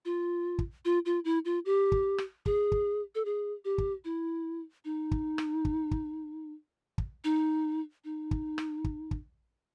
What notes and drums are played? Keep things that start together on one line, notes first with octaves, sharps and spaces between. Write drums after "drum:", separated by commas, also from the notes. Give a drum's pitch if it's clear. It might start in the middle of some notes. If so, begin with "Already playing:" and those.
F4
drum: kick
F4
F4
E4
F4
G4
drum: kick
drum: rim click
G#4, drum: kick
drum: kick
A4
G#4
G4
drum: kick
E4
D#4
drum: kick
drum: rim click
drum: kick
drum: kick
drum: kick
D#4
D#4
drum: kick
drum: rim click
drum: kick
drum: kick